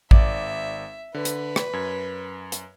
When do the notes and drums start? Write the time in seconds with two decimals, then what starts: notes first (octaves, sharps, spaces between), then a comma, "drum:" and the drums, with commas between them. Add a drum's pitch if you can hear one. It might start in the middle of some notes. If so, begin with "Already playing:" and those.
0.11 G#1 D5 E5, drum: kick A1
1.14 D3 B4
1.25 drum: hi-hat
1.56 drum: rim click
1.73 F#2 G#6
2.52 drum: hi-hat